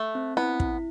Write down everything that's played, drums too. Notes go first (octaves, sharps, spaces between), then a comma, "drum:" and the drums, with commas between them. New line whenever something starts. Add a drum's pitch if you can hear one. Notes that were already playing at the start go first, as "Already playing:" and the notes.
Already playing: A3
C4
B3 E4
E4, drum: kick